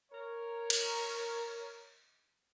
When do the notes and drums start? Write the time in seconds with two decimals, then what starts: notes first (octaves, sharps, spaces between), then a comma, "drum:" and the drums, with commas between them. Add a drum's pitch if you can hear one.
0.12 A#4 C#5
0.70 drum: cymbal